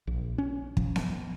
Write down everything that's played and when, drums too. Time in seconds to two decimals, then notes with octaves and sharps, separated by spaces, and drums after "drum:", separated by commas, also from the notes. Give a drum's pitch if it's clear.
0.07 A#1
0.38 C#4
0.77 F3, drum: kick
0.96 drum: snare B3